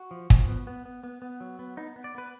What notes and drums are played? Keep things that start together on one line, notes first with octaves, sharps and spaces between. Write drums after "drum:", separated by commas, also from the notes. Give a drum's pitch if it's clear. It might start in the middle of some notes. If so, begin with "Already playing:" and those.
Already playing: F#4
F3
F3, drum: kick
B3
B3
B3
B3
B3
F#3
B3
B3 D#4
B3
D5
B3 B4